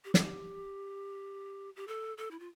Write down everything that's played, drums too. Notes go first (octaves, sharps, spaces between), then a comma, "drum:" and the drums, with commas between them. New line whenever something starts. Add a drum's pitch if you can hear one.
G4
A4, drum: snare
G4
G4
A4
A4
E4
F4